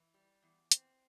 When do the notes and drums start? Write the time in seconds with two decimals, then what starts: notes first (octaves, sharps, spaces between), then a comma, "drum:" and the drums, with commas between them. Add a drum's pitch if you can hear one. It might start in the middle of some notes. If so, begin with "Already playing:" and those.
Already playing: E3
0.14 G3
0.42 E2
0.72 C4, drum: hi-hat